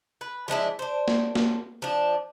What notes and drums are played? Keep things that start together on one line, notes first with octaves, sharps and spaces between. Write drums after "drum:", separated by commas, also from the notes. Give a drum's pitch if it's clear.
B4
F3 G#3 D4 E4
D4 C5
drum: snare A#3
drum: snare A#3
F3 D4